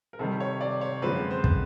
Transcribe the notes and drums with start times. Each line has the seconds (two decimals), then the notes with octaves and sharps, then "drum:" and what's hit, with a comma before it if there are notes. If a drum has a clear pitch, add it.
0.13 A#4
0.19 C3 D#3 G3 A4
0.40 C#5
0.61 D5
0.81 C#5
1.02 F#2 D3 F3 G#3 C4 B4
1.31 C5
1.44 drum: kick